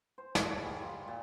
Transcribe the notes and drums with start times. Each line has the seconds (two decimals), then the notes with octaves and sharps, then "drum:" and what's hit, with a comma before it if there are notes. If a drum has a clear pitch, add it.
0.18 C5
0.35 A4, drum: snare
0.46 G#2
0.65 G3
0.81 F4
1.08 A#2